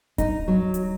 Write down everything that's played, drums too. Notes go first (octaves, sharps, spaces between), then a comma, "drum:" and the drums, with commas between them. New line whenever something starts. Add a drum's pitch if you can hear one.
D#4, drum: kick D1, hi-hat
F#3
drum: hi-hat